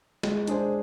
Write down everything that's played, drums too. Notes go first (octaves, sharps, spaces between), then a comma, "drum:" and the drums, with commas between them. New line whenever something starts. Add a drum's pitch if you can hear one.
G#3, drum: snare
D4 G#4 C5, drum: hi-hat